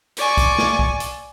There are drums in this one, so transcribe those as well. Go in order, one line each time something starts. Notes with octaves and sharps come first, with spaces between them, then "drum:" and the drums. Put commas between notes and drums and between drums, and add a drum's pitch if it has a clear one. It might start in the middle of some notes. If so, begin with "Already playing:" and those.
D5 G#5 C#6, drum: hi-hat
drum: kick B1, hi-hat
drum: snare
drum: kick B1
drum: hi-hat